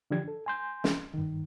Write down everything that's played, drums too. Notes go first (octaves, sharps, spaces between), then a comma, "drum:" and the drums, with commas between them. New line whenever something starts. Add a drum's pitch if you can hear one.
D3 E3 F3 D4 G4 G#6
A4
G#5 C6 G6
drum: snare
G2 D#3